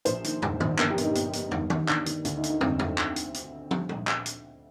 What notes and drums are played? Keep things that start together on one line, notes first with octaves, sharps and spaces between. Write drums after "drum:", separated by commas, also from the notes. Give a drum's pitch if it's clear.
A#1 C5, drum: hi-hat
D#3, drum: hi-hat
G#2, drum: tom
A#1, drum: tom D#3
G1 A#4, drum: clap
G4
G1, drum: hi-hat
D#4
G1, drum: hi-hat
G1, drum: hi-hat
D#3, drum: tom
D#2, drum: tom D#3
D#2 D4, drum: clap
D#3, drum: hi-hat
D2 D4, drum: hi-hat
D#4
D3, drum: hi-hat
D#4
D2 C4, drum: tom
D3, drum: tom
drum: clap
drum: hi-hat
drum: hi-hat
drum: tom
drum: tom
drum: clap
drum: hi-hat